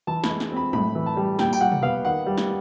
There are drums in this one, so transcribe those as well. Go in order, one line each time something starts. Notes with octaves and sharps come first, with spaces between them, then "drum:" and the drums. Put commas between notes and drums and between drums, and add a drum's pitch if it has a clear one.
E3 A5
B5, drum: snare
G#3
drum: snare
C4 B5
A2 B5, drum: tom
E3
A5
G3
A#2 G5, drum: snare
G5, drum: tambourine
G3 F#5
drum: tom
B3 F5
D#3 F#5
G3
drum: snare